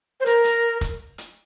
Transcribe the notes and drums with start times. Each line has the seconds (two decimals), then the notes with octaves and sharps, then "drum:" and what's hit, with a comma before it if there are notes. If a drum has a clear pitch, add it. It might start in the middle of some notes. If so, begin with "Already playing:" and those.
0.20 C5
0.26 A#4, drum: hi-hat
0.44 drum: hi-hat
0.81 drum: kick, hi-hat
1.18 drum: hi-hat